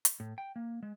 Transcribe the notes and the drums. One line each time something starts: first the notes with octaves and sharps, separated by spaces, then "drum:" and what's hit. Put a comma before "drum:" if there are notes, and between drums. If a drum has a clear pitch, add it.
drum: hi-hat
A2
G5
A#3
G#3